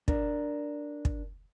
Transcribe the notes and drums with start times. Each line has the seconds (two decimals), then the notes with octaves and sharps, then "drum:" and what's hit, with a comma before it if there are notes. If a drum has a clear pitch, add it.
0.08 D4 A#4, drum: kick
1.05 drum: kick